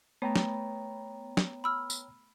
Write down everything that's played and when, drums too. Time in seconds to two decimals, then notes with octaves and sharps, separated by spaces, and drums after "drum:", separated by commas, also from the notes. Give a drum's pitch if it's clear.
0.22 A3 B3 C#5 G5 A#5
0.36 drum: snare
1.37 drum: snare
1.64 B5 E6 F6
1.90 drum: tambourine